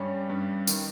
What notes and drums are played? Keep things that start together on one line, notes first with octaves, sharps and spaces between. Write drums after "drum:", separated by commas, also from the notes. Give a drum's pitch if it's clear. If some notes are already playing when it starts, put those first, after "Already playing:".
Already playing: G2 G3 C#4
G2
D#3, drum: tambourine